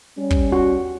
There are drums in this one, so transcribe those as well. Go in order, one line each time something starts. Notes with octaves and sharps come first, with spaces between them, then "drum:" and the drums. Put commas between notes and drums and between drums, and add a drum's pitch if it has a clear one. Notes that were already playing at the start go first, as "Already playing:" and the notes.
G3 C#4
drum: kick
F#4